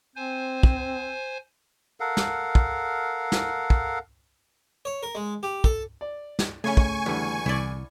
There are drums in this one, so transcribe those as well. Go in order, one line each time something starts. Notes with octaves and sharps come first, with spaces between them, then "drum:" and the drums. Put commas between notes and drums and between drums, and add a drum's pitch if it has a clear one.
C4 C5 G#5
drum: kick
A4 A#4 F5 F#5
drum: snare
drum: kick
drum: snare
drum: kick
C#5
A#4
G#3
G4
A4, drum: kick
D5
drum: snare
C#3 A3 C#4 G#5 C#6
drum: kick
E2 D3 G3 E4
C2 E4 D5